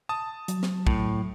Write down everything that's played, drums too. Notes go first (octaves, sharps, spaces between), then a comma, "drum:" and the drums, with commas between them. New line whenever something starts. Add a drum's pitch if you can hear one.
A5 D#6
F#3, drum: hi-hat
drum: snare
A2, drum: kick